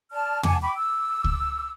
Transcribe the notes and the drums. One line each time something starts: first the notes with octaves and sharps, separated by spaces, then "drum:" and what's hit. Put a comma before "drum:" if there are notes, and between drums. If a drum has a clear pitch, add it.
D5 A5 F6
F#5 G#5 A5 D6, drum: tom
G5 B5 C#6 D6
D6 E6
drum: kick C#2